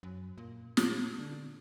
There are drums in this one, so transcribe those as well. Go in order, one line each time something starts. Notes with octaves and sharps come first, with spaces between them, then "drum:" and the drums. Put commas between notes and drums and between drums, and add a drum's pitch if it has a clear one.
F#2
A#2
A#2, drum: snare
D3